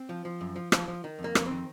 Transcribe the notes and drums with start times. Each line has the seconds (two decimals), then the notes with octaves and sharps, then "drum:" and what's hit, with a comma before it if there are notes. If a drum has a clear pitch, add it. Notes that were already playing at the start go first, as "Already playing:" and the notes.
Already playing: C4
0.09 F3
0.25 F3
0.41 F#2
0.56 F3
0.72 F3, drum: rim click
0.88 F3
1.04 D#3
1.19 F2
1.24 A#3
1.35 F2, drum: rim click
1.46 C4
1.51 D#3